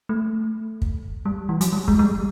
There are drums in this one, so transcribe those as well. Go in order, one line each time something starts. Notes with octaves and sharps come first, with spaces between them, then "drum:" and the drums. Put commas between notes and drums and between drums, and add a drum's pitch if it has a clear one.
A3
drum: kick
G3
E3
F#3, drum: hi-hat
G3
G#3, drum: kick
G#3
G3